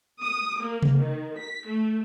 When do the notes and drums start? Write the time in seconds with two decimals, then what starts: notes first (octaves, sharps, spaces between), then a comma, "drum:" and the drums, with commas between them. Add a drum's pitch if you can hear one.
0.21 D#6
0.60 A#3
0.83 drum: tom C3
0.97 D#3
1.36 B6
1.67 A3